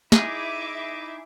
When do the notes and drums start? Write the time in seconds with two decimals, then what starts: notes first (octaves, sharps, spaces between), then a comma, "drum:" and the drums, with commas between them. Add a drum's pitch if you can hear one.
0.12 D#4 E4 G#4 E5 D6, drum: snare